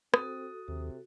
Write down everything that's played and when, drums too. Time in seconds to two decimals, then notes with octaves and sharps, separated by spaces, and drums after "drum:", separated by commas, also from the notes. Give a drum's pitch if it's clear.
0.14 C4 F#4 A4 D#6, drum: rim click
0.68 D#2 C3